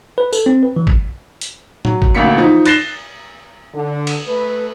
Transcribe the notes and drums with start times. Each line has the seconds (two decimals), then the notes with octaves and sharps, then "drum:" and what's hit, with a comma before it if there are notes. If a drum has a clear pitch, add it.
0.18 B4
0.33 A4, drum: tambourine
0.46 C4
0.63 B4
0.76 E3
0.87 drum: kick G#1
1.41 drum: hi-hat
1.85 F#3, drum: tom A2
2.02 drum: kick G#1
2.15 A1 D2 B2 A#3 B6 C#7
2.37 E3 F3 D#4
2.65 F#6 A6 A#6 C7 E7 G7, drum: cymbal
3.74 D3
4.07 drum: cymbal
4.27 A3 A4 B4